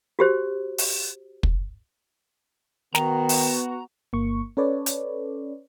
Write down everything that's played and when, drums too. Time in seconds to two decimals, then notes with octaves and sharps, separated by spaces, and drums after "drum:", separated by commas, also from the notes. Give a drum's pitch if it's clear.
0.19 F#4 G4 C5
0.78 drum: open hi-hat
1.43 drum: kick
2.95 D#3 B3 F#4 A#5, drum: snare
3.29 drum: open hi-hat
4.13 G1 A#3 C#6
4.57 C#4 A4 B4 C#5 D5
4.86 drum: hi-hat